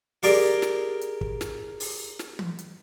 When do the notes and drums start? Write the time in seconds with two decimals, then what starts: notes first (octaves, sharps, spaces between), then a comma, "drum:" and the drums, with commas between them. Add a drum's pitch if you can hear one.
0.23 G4 G#4 A#4 D5 F5, drum: open hi-hat
0.62 drum: snare
1.01 drum: hi-hat
1.21 drum: kick
1.41 drum: snare
1.80 drum: open hi-hat
2.19 drum: snare
2.39 drum: tom
2.59 drum: hi-hat